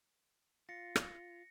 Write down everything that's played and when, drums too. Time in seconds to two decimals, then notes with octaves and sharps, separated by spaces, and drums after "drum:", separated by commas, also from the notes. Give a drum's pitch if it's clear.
0.69 F4 A#6 C#7
0.96 drum: rim click